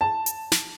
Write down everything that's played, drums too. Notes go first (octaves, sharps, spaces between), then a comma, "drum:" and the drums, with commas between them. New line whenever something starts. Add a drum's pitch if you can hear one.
A5
drum: hi-hat
drum: snare